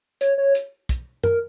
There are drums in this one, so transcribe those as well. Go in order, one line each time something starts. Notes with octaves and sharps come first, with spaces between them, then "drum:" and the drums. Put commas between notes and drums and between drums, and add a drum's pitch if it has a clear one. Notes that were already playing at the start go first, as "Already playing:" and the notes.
C#5, drum: hi-hat
C#5
drum: hi-hat
drum: kick, hi-hat
A#4, drum: tom F#2